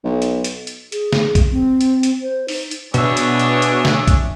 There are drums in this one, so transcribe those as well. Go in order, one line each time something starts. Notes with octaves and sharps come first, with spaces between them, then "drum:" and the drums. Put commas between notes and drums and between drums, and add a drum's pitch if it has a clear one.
B1
drum: hi-hat
drum: hi-hat
drum: hi-hat
G#4, drum: hi-hat
drum: snare
drum: kick B1, hi-hat
C4
drum: hi-hat
drum: hi-hat
C5
D#4, drum: open hi-hat
drum: hi-hat
B2 D4 G#4 C#5 E5, drum: hi-hat
drum: hi-hat
drum: hi-hat
drum: hi-hat
drum: snare
drum: kick B1, hi-hat